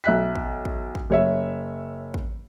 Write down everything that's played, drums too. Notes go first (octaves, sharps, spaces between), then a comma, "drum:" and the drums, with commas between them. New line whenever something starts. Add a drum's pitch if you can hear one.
B1 E5 F#6 B6
drum: kick
drum: kick
drum: kick
F#1 C#5 E5
drum: kick